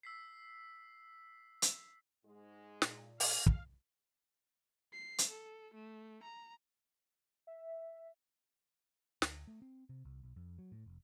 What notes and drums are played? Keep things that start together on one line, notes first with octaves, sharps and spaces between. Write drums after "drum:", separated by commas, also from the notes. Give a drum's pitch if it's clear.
E6 B6 C7
drum: hi-hat
G#2 G#3
A#2, drum: snare
D4 G#4 F5, drum: open hi-hat
drum: kick
C7
drum: hi-hat
A4
A3
A#5
E5
D2, drum: snare
A3
C4
C3
C2
B1
F2
F#3
A2
F1